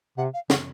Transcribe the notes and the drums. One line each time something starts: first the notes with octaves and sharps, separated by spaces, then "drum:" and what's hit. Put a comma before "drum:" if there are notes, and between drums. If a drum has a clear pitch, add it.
C3 F#5
F5
C#3 F#5, drum: snare